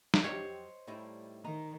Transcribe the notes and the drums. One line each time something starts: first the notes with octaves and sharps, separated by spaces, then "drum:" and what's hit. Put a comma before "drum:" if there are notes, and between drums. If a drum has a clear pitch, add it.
drum: snare
F2 F#3 G4 C5 C#5 D#5
A2 G3 D#4 E4
D#3 D#4 A#5